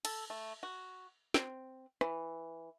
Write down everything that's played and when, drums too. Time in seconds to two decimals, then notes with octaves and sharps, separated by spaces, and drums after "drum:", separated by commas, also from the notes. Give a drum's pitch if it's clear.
0.05 A4, drum: cymbal
0.30 A3
0.63 F#4
1.34 C4, drum: snare
2.01 E3, drum: rim click